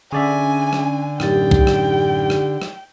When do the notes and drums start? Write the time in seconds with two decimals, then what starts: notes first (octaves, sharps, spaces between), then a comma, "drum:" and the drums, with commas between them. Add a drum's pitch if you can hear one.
0.12 D3 C#4 G#4 D5 E5 G#5
0.73 drum: rim click
1.20 A1 F#2 D#4 G4 G5 A6, drum: rim click
1.51 drum: kick B1
1.67 drum: rim click
2.30 drum: rim click
2.62 drum: rim click